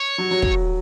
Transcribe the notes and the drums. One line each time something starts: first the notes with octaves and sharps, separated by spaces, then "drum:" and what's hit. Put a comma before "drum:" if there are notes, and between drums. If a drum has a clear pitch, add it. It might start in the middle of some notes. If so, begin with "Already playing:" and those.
Already playing: C#5
F#3
F#3
drum: kick